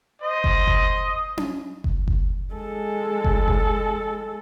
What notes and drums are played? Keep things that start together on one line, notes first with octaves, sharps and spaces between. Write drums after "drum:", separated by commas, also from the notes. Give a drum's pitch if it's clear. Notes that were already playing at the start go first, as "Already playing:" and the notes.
C5 D#5
drum: kick F#1
drum: kick F#1
drum: tom C#4
drum: kick F#1
drum: kick F#1
G#3 A4
drum: kick F#1
drum: kick F#1